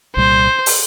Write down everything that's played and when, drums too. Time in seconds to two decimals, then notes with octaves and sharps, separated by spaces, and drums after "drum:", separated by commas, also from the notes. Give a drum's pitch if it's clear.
0.16 C2 A#2 G3 C5
0.66 drum: open hi-hat